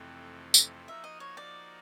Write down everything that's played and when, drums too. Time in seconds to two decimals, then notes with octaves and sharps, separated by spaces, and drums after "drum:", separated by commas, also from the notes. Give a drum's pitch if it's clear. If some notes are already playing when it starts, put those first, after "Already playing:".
Already playing: F2 C3 E3 A3 C4
0.54 drum: tambourine
0.88 F3 A#3 D#4 F#4 E5
1.04 D#5
1.20 C#5
1.37 D5